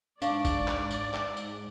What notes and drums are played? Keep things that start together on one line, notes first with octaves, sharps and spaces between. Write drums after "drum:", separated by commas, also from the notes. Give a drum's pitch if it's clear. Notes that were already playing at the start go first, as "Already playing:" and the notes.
G#2 D4 D5 F5 C#6, drum: tambourine
drum: kick, tambourine
drum: clap
drum: tambourine
drum: clap
drum: tambourine